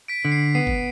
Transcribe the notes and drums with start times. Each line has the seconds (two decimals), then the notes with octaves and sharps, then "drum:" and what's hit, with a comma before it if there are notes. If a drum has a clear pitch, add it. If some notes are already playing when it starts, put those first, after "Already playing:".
0.08 B6 D7
0.25 D3 D7
0.32 C7
0.55 B3 C7
0.67 drum: kick G1